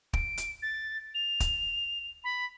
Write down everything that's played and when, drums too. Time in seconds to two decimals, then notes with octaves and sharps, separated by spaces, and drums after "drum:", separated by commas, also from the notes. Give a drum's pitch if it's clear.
0.13 D7, drum: kick
0.38 drum: hi-hat
0.62 A6
1.15 F7
1.40 drum: kick, hi-hat
2.24 B5